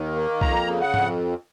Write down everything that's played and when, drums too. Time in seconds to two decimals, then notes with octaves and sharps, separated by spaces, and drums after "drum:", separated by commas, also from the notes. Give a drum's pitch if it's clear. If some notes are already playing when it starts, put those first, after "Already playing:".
Already playing: D#2 D#3
0.15 A#3
0.41 F2 A#5, drum: kick B1
0.67 C#3
0.81 F#5
0.94 F2, drum: tom